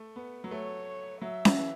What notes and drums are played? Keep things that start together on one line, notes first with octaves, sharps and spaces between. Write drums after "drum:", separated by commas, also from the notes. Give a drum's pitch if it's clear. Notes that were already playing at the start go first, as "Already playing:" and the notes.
Already playing: A3
B3
F#3
A3 C#5
F#3 E5
drum: snare C#4
E3